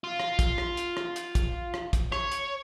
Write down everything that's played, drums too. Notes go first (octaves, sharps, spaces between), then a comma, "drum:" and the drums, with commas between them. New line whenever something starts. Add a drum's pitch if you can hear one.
F4
drum: rim click
drum: kick, hi-hat
drum: rim click
drum: hi-hat
drum: rim click
drum: hi-hat
drum: kick, hi-hat
drum: rim click
drum: kick, hi-hat
C#5, drum: rim click
drum: hi-hat